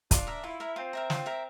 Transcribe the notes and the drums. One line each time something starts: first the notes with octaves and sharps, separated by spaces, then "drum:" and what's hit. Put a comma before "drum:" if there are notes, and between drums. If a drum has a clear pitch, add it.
D4 F4, drum: kick, hi-hat
A#4 E5 A#5
E4 F4
A#4 E5 A#5
C4 F4
A#4 E5 A#5
F4, drum: snare
A#4 E5 A#5